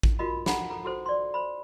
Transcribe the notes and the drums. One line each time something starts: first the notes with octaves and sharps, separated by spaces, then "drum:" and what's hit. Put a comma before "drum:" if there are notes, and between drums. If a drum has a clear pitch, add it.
drum: kick A1
F4 F#4 A#4 D#5 B5
D#4 A4 F#5 A#5 B5, drum: snare
A4 A#5
F#4 A4 C5
D5 C6
C5 B5